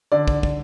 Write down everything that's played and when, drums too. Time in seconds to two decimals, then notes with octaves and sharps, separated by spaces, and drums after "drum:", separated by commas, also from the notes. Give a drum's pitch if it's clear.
0.12 D3 D5
0.28 drum: kick
0.43 drum: kick